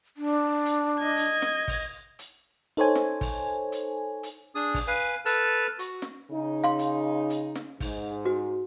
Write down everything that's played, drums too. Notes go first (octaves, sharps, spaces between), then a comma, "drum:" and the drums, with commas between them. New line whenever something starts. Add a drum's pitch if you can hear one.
D4
drum: hi-hat
D#5 G#6
drum: hi-hat
drum: snare
drum: kick, open hi-hat
drum: hi-hat
D#4 A4 C5 C#5 G#5
drum: snare
drum: kick, open hi-hat
drum: hi-hat
drum: hi-hat
D4 G#4 D#6
drum: kick, open hi-hat
B4 F5 G#5
A4 B4 A5 F6, drum: hi-hat
F#4, drum: hi-hat
drum: snare
C#3 D#4
F5 C6
drum: hi-hat
drum: hi-hat
drum: snare
G#2, drum: kick, open hi-hat
F#4